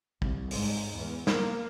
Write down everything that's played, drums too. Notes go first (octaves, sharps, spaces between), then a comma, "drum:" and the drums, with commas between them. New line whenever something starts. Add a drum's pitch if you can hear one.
C2, drum: kick
G#2, drum: open hi-hat
E2
A#3, drum: snare